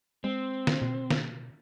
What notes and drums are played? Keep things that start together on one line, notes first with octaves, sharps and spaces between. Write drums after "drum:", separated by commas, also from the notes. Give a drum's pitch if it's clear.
G#3 C4
drum: snare
B2
drum: snare